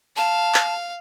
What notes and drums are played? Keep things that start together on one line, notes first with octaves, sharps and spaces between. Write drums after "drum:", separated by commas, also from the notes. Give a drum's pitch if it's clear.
F5 A5
drum: clap